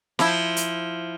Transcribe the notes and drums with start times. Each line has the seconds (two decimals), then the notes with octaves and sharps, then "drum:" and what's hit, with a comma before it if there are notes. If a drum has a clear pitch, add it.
0.19 F3 E4, drum: snare
0.57 drum: hi-hat